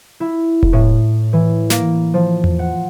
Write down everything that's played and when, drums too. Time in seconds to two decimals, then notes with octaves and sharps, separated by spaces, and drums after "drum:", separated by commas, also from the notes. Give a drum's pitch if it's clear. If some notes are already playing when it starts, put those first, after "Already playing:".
0.20 E4
0.63 drum: kick E1
0.73 A2
1.33 E3
1.70 A#3, drum: snare
2.14 F3
2.44 drum: tom E2
2.59 F#5